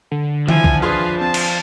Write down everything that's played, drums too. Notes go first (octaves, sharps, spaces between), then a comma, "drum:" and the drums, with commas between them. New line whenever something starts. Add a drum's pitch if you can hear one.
D3
F3 E4 G#5, drum: tom D#3
drum: kick C2
D4 F4 G#4 B4 F5 C6
C4 A5
drum: cymbal